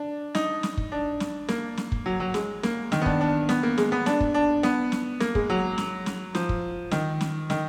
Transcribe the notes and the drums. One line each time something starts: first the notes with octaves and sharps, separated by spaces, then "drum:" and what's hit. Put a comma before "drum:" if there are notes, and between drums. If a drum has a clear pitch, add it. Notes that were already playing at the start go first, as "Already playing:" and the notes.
Already playing: D4
D#4, drum: snare
drum: snare
drum: kick
D4
drum: snare
A#3, drum: snare
drum: snare
drum: kick
F#3
F#3
G#3, drum: snare
A#3, drum: snare
D#3, drum: snare
B3
D4, drum: kick
D4
B3, drum: snare
A#3
G#3, drum: snare
B3
D4, drum: snare
drum: kick
D4
B3, drum: snare
drum: snare
A#3, drum: snare
G#3, drum: kick
F#3
drum: snare
drum: snare
F3, drum: snare
drum: kick
D#3, drum: snare
drum: snare
D#3, drum: snare